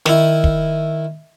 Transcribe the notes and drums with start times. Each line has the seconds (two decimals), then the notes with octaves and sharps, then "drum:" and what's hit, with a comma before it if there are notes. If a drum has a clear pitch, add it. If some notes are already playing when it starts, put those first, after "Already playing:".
0.06 D#3 E4, drum: snare
0.44 drum: kick